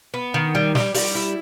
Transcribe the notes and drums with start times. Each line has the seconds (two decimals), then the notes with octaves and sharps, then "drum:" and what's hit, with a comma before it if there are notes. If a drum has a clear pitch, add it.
0.14 B3
0.34 D#3
0.55 G3
0.75 G3, drum: snare
0.94 G3, drum: open hi-hat
1.15 E4